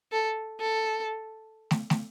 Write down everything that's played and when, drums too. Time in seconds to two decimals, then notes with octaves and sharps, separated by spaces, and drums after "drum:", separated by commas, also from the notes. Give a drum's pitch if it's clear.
0.12 A4
0.60 A4
1.71 drum: snare
1.90 drum: snare